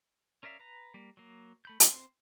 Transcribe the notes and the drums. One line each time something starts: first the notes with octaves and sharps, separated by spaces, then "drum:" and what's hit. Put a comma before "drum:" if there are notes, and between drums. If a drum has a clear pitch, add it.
C#4 A#4 D5 E5 F5
B4 A#5
G3 A#3
F#3 A#3
A3 B5 G6
C4 C5, drum: hi-hat